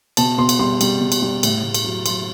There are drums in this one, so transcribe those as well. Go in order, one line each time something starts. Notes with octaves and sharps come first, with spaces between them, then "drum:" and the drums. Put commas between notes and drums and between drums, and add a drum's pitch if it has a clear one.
B2 A5, drum: cymbal
B2 C6
drum: cymbal
G3 C6
G3, drum: cymbal
B2
drum: cymbal
G3
A2, drum: cymbal
A2
drum: cymbal
F#3
F#3 C6, drum: cymbal